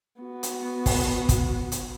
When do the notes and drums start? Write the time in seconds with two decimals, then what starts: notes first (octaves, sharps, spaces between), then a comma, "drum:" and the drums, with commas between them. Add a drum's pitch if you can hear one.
0.21 B3 F#4
0.43 drum: hi-hat
0.86 drum: kick, open hi-hat
1.29 drum: kick, hi-hat
1.72 drum: hi-hat